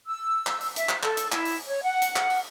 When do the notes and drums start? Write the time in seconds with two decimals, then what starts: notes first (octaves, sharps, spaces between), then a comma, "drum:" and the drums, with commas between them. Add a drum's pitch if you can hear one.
0.08 E6
0.47 drum: clap
0.61 drum: open hi-hat
0.76 E5, drum: hi-hat
0.89 drum: clap
1.03 A4, drum: clap
1.17 drum: hi-hat
1.32 E4, drum: clap
1.45 drum: open hi-hat
1.67 C#5
1.82 F#5
2.02 drum: hi-hat
2.16 drum: clap
2.30 drum: open hi-hat